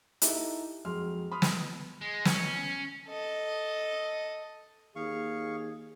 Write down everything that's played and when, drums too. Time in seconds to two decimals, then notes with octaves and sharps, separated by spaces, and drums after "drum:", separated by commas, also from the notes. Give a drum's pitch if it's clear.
0.22 D#4 E4 G4 A4 D#5, drum: hi-hat
0.85 F2 F#3 G#3 C6 F6
1.32 B5 C6 D#6 F6
1.42 drum: snare
2.01 G#3
2.25 C#4, drum: snare
3.08 A4 D#5
4.96 D#2 G#4 F5 C#6